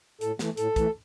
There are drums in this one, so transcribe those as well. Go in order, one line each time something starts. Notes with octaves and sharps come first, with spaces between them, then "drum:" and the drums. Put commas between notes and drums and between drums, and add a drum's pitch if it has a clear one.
A2 A4, drum: hi-hat
E3 A3, drum: snare
A2 A4, drum: hi-hat
E3 A3, drum: kick, hi-hat